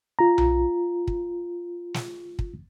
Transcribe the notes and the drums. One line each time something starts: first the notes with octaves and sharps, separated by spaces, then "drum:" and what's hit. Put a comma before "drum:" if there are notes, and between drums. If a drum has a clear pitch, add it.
F4 A#5
drum: tom B1
drum: kick
drum: snare
drum: kick